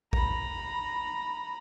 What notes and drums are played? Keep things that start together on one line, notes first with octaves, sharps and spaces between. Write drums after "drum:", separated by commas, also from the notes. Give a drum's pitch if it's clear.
A#5 B5, drum: kick A1